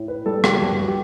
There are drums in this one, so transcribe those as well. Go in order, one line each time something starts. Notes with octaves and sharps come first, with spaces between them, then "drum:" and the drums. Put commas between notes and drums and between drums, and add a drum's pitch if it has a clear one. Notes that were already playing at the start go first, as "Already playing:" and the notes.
Already playing: A2
B4
G3 A4
G4, drum: rim click
F#4
G2 G4
F#4
G4